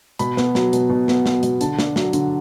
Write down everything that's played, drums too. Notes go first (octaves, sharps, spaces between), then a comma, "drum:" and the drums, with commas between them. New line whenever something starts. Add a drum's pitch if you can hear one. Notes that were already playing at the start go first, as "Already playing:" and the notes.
B2 B5, drum: hi-hat
B3, drum: snare
F#3, drum: snare
B2, drum: hi-hat
B2
B3, drum: snare
F#3, drum: snare
B2, drum: hi-hat
D3 A5, drum: hi-hat
D4, drum: snare
F#3, drum: snare
D3, drum: hi-hat